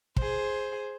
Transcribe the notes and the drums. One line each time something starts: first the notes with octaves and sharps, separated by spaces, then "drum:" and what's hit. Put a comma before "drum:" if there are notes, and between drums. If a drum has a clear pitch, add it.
G#4 C5, drum: kick